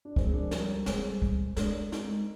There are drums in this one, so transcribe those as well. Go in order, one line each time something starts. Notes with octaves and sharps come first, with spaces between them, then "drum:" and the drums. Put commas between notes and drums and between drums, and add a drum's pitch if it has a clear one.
D4
F3 G#3 C4, drum: kick
A#3 D4
G3 A#3, drum: snare
G3 G#3 C4, drum: snare
drum: kick
G#3 A#3 D4, drum: snare
C4 D#4, drum: snare